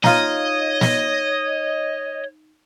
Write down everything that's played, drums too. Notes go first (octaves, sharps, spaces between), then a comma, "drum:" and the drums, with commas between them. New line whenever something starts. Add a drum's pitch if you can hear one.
D#4 F4 C#5 D#5, drum: snare
drum: snare